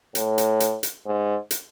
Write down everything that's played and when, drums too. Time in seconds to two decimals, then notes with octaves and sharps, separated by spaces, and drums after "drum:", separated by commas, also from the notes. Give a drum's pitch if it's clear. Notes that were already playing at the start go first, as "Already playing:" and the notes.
0.15 A2, drum: hi-hat
0.38 drum: hi-hat
0.60 drum: hi-hat
0.83 drum: hi-hat
1.06 G#2
1.51 drum: hi-hat